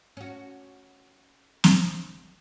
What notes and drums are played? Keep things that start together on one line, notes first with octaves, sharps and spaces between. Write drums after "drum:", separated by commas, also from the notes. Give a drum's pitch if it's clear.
C#4 F#4
drum: snare